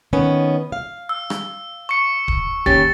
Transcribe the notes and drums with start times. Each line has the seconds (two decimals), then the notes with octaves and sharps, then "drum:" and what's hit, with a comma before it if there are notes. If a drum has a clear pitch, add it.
0.13 D#3 B3 C#4
0.72 F5
1.09 E6
1.30 drum: rim click
1.89 C#6 C#7
2.28 drum: kick D1
2.66 D#2 C#4 G4 A6, drum: kick D1